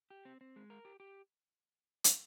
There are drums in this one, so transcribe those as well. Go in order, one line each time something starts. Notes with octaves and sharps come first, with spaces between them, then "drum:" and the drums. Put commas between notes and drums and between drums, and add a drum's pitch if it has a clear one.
G4
C4
C4
G#3
A#4
G4
G4
drum: hi-hat